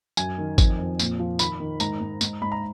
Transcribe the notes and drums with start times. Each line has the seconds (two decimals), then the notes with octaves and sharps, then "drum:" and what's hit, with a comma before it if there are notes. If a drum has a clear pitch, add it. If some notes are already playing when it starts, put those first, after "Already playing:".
0.17 F#2 G#5, drum: tambourine
0.38 D#3
0.58 F2, drum: kick G#1, tambourine
0.79 F2
0.99 A#2, drum: tambourine
1.19 F3
1.39 D#3 B5, drum: tambourine
1.60 D#3
1.80 G#2 A#5, drum: tambourine
2.00 G#2
2.21 G#2, drum: tambourine
2.42 G#2 B5
2.52 A#5